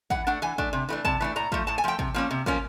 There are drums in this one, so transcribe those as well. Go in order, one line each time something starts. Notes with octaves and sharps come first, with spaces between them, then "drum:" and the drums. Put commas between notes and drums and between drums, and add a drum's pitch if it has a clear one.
E3 F#5, drum: kick
A3 D4 F#5
E3 G#5
A3 D4, drum: kick
C3
E3 A3 D4
C3 A5, drum: kick
E3 A3 D4
A2 A#5
F3 A3, drum: kick
A2 A5
G#5
F3 A3 G5
C3, drum: kick
F3 A#3 C#4
C3
F3 A#3 C#4, drum: kick